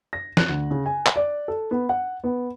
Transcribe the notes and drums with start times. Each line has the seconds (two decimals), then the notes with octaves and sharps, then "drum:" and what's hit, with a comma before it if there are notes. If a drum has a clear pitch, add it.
0.13 A#6
0.37 F#6, drum: snare
0.49 D2
0.71 C#3
0.86 G#5
1.06 drum: clap
1.16 D5
1.48 A4
1.71 B3
1.89 F#5
2.24 B3